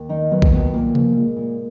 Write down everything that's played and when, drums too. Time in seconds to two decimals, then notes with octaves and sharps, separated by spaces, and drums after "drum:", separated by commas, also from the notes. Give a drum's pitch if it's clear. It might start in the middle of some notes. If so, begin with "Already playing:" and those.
Already playing: D#2
0.09 D#3 D#4
0.31 F#3 B3
0.42 drum: kick B1
0.52 D#2 B3
0.73 A#2 A#3
0.95 F3, drum: tom C3
1.16 G#3
1.37 A#2